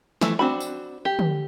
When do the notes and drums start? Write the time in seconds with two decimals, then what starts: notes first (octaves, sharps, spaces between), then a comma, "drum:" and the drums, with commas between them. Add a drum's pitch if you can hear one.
0.21 E3 F3 A3, drum: snare
0.39 C4 D4 F#4 B5
0.60 drum: tambourine
1.05 G4
1.19 drum: tom D3